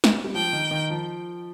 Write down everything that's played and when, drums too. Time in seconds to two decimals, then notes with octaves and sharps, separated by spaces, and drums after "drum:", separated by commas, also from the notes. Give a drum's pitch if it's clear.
0.04 drum: snare
0.24 G3
0.34 F3 G5
0.53 D#3
0.71 D#3
0.90 F3